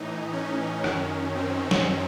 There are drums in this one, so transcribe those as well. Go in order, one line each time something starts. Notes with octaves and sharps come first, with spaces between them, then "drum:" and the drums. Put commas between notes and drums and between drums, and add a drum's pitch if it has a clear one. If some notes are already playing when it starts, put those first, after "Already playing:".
Already playing: A2 E3 D#4
C#4
F#2 D#3 C#4, drum: rim click
C4
drum: snare